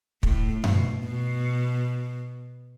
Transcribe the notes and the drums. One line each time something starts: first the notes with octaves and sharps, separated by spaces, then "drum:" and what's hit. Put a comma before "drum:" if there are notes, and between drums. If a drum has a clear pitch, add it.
A2, drum: kick
B2, drum: tom F#2
B2